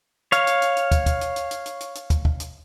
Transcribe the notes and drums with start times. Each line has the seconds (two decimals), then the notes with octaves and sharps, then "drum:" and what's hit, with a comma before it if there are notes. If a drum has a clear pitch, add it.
0.32 C#5 F5, drum: hi-hat
0.47 drum: hi-hat
0.62 drum: hi-hat
0.77 drum: hi-hat
0.91 drum: kick, hi-hat
1.06 drum: kick, hi-hat
1.21 drum: hi-hat
1.36 drum: hi-hat
1.51 drum: hi-hat
1.66 drum: hi-hat
1.80 drum: hi-hat
1.95 drum: hi-hat
2.10 drum: kick, hi-hat
2.25 drum: kick
2.40 drum: hi-hat